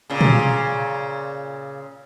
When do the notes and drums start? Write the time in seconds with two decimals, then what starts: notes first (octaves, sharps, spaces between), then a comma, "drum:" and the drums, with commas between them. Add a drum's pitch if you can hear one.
0.10 A#2 C#3
0.21 drum: tom A#2